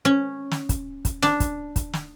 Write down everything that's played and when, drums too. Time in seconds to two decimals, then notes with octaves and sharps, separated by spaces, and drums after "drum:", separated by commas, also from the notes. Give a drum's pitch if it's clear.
0.05 C#4
0.51 drum: snare
0.69 drum: kick, hi-hat
1.05 drum: kick, hi-hat
1.22 D4, drum: snare
1.40 drum: kick, hi-hat
1.76 drum: kick, hi-hat
1.93 drum: snare